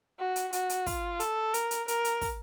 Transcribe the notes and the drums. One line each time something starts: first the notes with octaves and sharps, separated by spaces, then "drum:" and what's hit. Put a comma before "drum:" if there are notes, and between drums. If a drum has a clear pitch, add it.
F#4
drum: hi-hat
F#4, drum: hi-hat
drum: hi-hat
F4, drum: kick, open hi-hat
A4, drum: hi-hat
A#4, drum: hi-hat
drum: hi-hat
A#4, drum: hi-hat
drum: hi-hat
drum: kick, open hi-hat